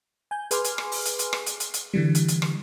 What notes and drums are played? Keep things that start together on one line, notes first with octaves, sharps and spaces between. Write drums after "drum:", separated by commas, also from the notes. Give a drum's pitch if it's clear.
G#5 G6
G#4 B4 G#5 C6 D6 F6, drum: hi-hat
drum: hi-hat
drum: rim click
drum: open hi-hat
drum: hi-hat
drum: hi-hat
drum: rim click
drum: hi-hat
drum: hi-hat
drum: hi-hat
D3 E3 G3
drum: hi-hat
drum: hi-hat
drum: rim click